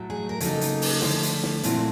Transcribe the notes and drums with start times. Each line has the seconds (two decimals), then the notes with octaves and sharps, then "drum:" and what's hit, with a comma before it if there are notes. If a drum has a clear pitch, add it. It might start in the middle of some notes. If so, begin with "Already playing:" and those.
Already playing: A2 F#3 A3
0.10 G#4
0.29 A#4
0.40 C#3 F#3 A#3 D#4 A4, drum: hi-hat
0.61 drum: hi-hat
0.82 drum: open hi-hat
1.02 D3 F3 A3, drum: snare
1.23 drum: hi-hat
1.43 drum: snare
1.63 A#2 F#3 A3 C4 E4, drum: hi-hat